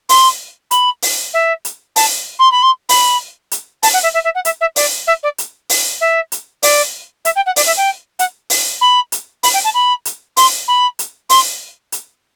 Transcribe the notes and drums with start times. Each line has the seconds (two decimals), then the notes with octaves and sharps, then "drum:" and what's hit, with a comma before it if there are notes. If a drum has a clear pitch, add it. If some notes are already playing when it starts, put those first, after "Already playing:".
0.09 C6, drum: open hi-hat
0.71 B5, drum: hi-hat
1.02 drum: open hi-hat
1.34 E5
1.65 drum: hi-hat
1.96 A5, drum: open hi-hat
2.39 C6
2.52 B5
2.63 C6
2.89 B5, drum: open hi-hat
3.51 drum: hi-hat
3.83 A5, drum: open hi-hat
3.93 F#5
4.03 E5
4.14 E5
4.24 E5
4.35 F#5
4.45 E5, drum: hi-hat
4.61 E5
4.76 D5, drum: open hi-hat
5.07 E5
5.23 D5
5.38 drum: hi-hat
5.69 drum: open hi-hat
6.01 E5
6.32 drum: hi-hat
6.63 D5, drum: open hi-hat
7.25 E5, drum: hi-hat
7.36 G5
7.46 F#5
7.56 D5, drum: open hi-hat
7.67 E5
7.77 G5
8.19 F#5, drum: hi-hat
8.50 drum: open hi-hat
8.81 B5
9.12 drum: hi-hat
9.43 B5, drum: open hi-hat
9.54 G5
9.64 A5
9.74 B5
10.05 drum: hi-hat
10.37 C6, drum: open hi-hat
10.68 B5
10.99 drum: hi-hat
11.29 C6, drum: open hi-hat
11.92 drum: hi-hat